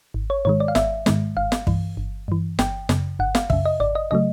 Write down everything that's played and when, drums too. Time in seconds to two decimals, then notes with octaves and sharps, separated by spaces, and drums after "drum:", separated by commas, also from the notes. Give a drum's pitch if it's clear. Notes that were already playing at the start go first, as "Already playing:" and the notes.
0.14 G#1
0.30 C#5
0.45 G#2 D#3 G#3 C#5
0.60 D5
0.68 F5
0.75 G#1 E5, drum: snare
1.06 G#2 D#3 G#3, drum: snare
1.37 G1 F5
1.52 drum: snare
1.67 G2 E3, drum: kick
1.97 G1
2.28 G2 E3
2.59 G1 G5, drum: snare
2.89 F#2 C#3, drum: snare
3.19 G1 F#5
3.35 F5, drum: snare
3.50 F#2 C#3 E5, drum: kick
3.65 D#5
3.80 G#1 D5
3.95 D#5
4.11 C#3 F#3 A3 D#5